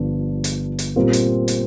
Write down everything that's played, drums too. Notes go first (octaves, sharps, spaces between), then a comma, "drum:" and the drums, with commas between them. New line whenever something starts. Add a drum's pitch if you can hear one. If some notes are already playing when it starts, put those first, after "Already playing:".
Already playing: G1 G2 F3
drum: hi-hat
drum: hi-hat
A#2 G3 C4 G4 A#4
drum: hi-hat
drum: hi-hat